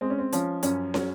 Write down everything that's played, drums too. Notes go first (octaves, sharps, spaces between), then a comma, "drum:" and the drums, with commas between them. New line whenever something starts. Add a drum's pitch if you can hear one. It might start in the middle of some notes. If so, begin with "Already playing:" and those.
G#3 C4
C#4
C4
F3 C#4, drum: hi-hat
F#2 C#4, drum: hi-hat
F#3 C#4, drum: snare